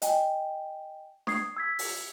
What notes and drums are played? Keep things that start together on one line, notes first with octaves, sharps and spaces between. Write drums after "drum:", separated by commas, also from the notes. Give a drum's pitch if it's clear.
D#5 G5 G#5, drum: hi-hat
C#6 D#6 G#6 C7, drum: snare D4
E6 G#6 B6
drum: open hi-hat